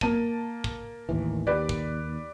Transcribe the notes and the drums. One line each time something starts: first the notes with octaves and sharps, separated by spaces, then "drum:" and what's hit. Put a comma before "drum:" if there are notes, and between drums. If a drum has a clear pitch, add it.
A#3 A5 D#7, drum: kick
drum: kick
A1 D#2 E3
D#2 G4 B4 D5
drum: kick